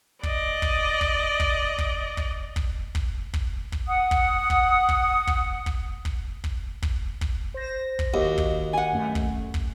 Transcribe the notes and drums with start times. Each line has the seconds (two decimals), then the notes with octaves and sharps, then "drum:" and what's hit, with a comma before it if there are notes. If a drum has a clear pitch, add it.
0.23 D5 D#5, drum: kick
0.62 drum: kick
1.01 drum: kick
1.40 drum: kick
1.78 drum: kick
2.17 drum: kick
2.56 drum: kick
2.95 drum: kick
3.34 drum: kick
3.72 drum: kick
3.87 F#5 D#6
4.11 drum: kick
4.50 drum: kick
4.89 drum: kick
5.27 drum: kick
5.66 drum: kick
6.05 drum: kick
6.44 drum: kick
6.82 drum: kick
7.21 drum: kick
7.54 C5 A#6
7.99 drum: kick
8.14 D#2 F#4 D#5
8.38 drum: kick
8.73 F#5 G#5
8.93 F#2 A3
9.15 drum: kick
9.54 drum: kick